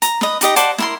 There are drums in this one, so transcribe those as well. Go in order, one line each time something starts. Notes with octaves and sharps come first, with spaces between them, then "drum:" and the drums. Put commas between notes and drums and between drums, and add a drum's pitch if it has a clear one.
A#5, drum: hi-hat
B4 D#5, drum: snare
D#4 G4 D#5, drum: hi-hat
C5 D5 F#5 A5, drum: hi-hat
E4 A#4 C6, drum: snare